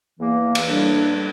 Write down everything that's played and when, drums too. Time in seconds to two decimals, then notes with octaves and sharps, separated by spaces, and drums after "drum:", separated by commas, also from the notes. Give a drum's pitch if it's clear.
0.18 E2 E3 A#3
0.55 drum: cymbal
0.67 A2 G3 D4